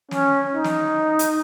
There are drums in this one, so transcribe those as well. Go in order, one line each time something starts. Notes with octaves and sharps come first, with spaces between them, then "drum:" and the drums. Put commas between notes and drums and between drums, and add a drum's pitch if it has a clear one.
C#4, drum: snare
D#4
drum: snare
drum: hi-hat